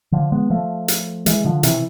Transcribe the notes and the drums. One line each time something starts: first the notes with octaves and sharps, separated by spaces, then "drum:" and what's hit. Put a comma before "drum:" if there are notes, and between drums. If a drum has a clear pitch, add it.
D3 F3
G#3 B3
F3 A3
drum: hi-hat
E3 G#3, drum: hi-hat
D3 F3
C3 E3, drum: hi-hat